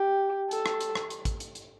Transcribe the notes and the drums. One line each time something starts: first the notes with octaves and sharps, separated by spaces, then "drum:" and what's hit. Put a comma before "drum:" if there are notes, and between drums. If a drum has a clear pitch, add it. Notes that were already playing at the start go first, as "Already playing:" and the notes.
Already playing: G4
A4, drum: hi-hat
drum: rim click
drum: hi-hat
drum: rim click
drum: hi-hat
drum: kick, hi-hat
drum: hi-hat
drum: hi-hat